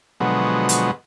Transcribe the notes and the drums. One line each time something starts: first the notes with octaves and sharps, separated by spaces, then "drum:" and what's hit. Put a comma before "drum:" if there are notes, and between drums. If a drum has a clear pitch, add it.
B2 D3 F3 F#3 G#3 B3
drum: hi-hat